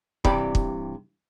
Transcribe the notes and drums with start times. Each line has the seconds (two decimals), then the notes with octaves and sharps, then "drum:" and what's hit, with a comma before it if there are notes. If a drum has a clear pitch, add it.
0.25 G2 C3 E3 G4 D5 B5, drum: kick
0.55 drum: kick